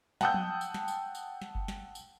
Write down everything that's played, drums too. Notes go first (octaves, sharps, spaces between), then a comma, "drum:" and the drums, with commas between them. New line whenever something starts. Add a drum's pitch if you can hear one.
F#5 G5 A5 D#6 E6 G6, drum: snare
drum: tom F3
drum: tambourine
drum: snare
drum: tambourine
drum: tambourine
drum: snare
drum: kick G1
drum: snare
drum: tambourine